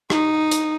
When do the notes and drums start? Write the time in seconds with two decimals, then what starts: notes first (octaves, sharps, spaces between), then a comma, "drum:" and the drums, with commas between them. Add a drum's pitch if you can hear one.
0.10 D#4, drum: rim click
0.51 drum: hi-hat